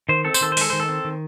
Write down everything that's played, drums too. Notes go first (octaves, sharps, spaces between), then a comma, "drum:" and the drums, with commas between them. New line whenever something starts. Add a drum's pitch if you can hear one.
D#3 C5
C4 A4
C5, drum: tambourine
D#3 A4
C5
G#3 A4, drum: open hi-hat
D#3 C5
A4
C4
D#3